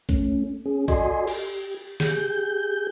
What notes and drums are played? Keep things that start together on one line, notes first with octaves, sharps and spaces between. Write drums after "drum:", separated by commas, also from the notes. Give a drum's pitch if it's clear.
A3 C#4, drum: kick A#1
C#4 G#4
F#4 A4 D5 D#5 G#5 C6, drum: kick A#1
G4, drum: cymbal
G4 G#4 G6, drum: snare